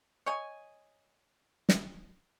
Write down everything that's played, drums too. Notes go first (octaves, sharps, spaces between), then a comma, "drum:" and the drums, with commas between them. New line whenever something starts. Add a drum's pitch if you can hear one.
C#5 D#5 G#5
drum: snare